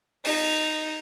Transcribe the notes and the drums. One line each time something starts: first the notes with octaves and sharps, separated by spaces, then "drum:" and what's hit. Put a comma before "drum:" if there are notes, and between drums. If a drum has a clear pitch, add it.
D#4, drum: open hi-hat